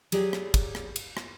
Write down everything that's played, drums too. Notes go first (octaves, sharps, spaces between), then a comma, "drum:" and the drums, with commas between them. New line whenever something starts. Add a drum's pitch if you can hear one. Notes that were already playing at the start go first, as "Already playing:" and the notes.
F#3 G4 G#4 D5 G#5, drum: cymbal
drum: rim click
drum: kick, cymbal
drum: rim click
drum: cymbal
drum: rim click